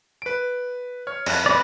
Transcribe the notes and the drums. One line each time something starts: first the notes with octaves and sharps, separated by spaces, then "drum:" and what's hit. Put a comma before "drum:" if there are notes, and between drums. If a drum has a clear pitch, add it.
B4 D7
C#5 F6
F2 F#6, drum: cymbal
B4 D5